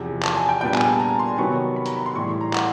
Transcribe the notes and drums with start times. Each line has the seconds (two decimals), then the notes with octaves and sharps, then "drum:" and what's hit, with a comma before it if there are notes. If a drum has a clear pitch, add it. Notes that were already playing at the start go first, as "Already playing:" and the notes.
Already playing: E2 C3 F3
0.23 A5, drum: clap
0.37 G#5
0.49 G5
0.61 A#2 G3 B3 D4 G5
0.74 G#5, drum: clap
0.87 A5
1.00 A#5
1.19 C6
1.38 C3 D#3 F#3 B3 C#6
1.76 B5
1.86 A#5, drum: hi-hat
1.96 B5
2.06 C6
2.15 A2 E3 G3 C#6
2.28 C6
2.41 A#5
2.54 F#5, drum: clap